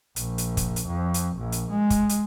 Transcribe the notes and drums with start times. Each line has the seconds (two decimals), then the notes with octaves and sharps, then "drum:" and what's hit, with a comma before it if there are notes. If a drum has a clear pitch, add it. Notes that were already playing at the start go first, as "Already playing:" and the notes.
0.16 A#1, drum: hi-hat
0.38 drum: hi-hat
0.57 drum: kick, hi-hat
0.76 drum: hi-hat
0.88 F2
1.14 drum: hi-hat
1.37 A#1
1.52 drum: hi-hat
1.71 G#3
1.90 drum: kick, hi-hat
2.09 drum: hi-hat